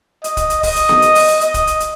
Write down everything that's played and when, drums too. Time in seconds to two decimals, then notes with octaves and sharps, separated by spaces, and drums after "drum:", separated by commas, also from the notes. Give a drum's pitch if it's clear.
0.24 D#5, drum: hi-hat
0.37 drum: kick, hi-hat
0.50 drum: hi-hat
0.63 D#5, drum: kick, open hi-hat
0.76 drum: hi-hat
0.89 drum: snare B3
1.02 drum: hi-hat
1.15 drum: open hi-hat
1.28 drum: hi-hat
1.41 D#5, drum: hi-hat
1.54 drum: kick, hi-hat
1.67 drum: hi-hat
1.80 drum: hi-hat